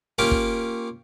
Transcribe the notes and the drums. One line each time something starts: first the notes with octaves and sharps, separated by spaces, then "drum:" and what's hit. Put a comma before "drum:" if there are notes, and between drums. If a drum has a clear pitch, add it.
A#3 C#4 F4 G4 A#4
drum: kick